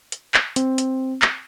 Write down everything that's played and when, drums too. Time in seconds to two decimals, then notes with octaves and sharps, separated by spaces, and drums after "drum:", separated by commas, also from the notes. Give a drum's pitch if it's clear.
0.12 drum: hi-hat
0.34 drum: clap
0.56 C4, drum: hi-hat
0.78 drum: hi-hat
1.22 drum: clap